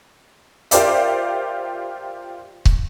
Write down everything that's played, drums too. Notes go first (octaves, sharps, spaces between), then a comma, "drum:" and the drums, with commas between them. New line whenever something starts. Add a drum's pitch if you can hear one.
F4 G4 A#4 C5 D5 E5, drum: hi-hat
drum: kick C#1